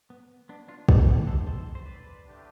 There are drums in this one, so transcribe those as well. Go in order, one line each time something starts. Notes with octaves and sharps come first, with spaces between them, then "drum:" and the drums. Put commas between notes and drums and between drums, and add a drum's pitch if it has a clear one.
B3
B3 D4
D4 F4
F4 A4, drum: kick
A4
G4 B4
A4 C5
A4 C5
C5
B4 D5
E2 D3 A3 D4 G4